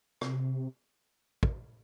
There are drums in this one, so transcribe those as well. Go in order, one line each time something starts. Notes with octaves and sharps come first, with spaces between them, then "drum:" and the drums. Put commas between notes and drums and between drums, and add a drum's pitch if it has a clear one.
C3, drum: rim click
drum: kick